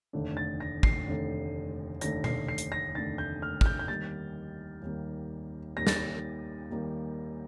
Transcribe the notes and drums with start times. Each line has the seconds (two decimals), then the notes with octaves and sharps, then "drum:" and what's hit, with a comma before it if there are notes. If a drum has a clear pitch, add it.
0.13 F1 D#2 D3 A3 D4
0.37 A6
0.60 A#6
0.83 C7, drum: kick
1.07 F1 D#2 D3 A3 D4
2.01 F1 D#2 D3 A3 D4 A#6, drum: hi-hat
2.24 C7, drum: tom B2
2.48 C7
2.58 drum: hi-hat
2.72 A#6
2.94 F1 D#2 D3 A3 D4 A6
3.18 G6
3.42 F6
3.61 F6, drum: kick
3.66 G6
3.79 G6
3.88 D#2 D#3 G3 A#3 A6
4.82 D#2 D#3 G3 A#3
5.77 D#2 D#3 G3 A#3 A#6
5.87 A6, drum: snare
5.96 A#6
6.70 D#2 D#3 G3 A#3